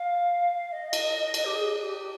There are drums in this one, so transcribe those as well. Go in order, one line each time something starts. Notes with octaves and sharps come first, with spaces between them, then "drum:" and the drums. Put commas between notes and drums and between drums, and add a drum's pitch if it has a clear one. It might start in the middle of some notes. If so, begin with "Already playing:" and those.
Already playing: F5
D#5
drum: cymbal
drum: cymbal
G4
G#4
G4